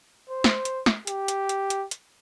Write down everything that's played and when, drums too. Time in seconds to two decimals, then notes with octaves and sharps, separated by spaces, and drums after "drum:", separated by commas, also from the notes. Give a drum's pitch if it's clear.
0.30 C5
0.44 drum: snare
0.65 drum: hi-hat
0.86 drum: snare
1.07 G4, drum: hi-hat
1.28 drum: hi-hat
1.49 drum: hi-hat
1.70 drum: hi-hat
1.91 drum: hi-hat